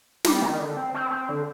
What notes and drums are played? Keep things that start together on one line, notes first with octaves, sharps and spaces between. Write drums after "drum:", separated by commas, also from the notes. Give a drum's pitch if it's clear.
G3, drum: snare
D#3
D3
C4
C4
C4
D3